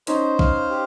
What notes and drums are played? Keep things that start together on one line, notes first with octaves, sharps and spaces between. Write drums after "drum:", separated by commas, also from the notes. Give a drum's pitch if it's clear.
C#4 D#4 C5, drum: hi-hat
F5, drum: kick
G4